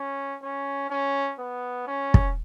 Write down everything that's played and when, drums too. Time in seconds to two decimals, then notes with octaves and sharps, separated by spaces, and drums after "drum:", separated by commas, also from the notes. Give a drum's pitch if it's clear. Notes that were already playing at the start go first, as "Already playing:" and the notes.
Already playing: C#4
0.42 C#4
0.90 C#4
1.39 B3
1.87 C#4
2.14 drum: kick